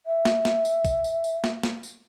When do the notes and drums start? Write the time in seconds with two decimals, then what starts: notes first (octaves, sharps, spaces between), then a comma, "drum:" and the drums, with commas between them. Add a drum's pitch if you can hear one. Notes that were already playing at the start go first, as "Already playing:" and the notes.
0.06 E5
0.25 drum: snare
0.45 drum: snare
0.65 drum: tambourine
0.85 drum: kick, tambourine
1.04 drum: tambourine
1.24 drum: tambourine
1.44 drum: snare
1.63 drum: snare
1.83 drum: tambourine